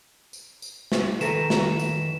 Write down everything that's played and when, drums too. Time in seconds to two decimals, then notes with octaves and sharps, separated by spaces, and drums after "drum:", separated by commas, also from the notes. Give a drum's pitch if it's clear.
0.33 drum: tambourine
0.62 drum: tambourine
0.92 drum: snare
1.21 D#3 A4 B4 A#5 E7, drum: tambourine
1.50 drum: snare
1.79 drum: tambourine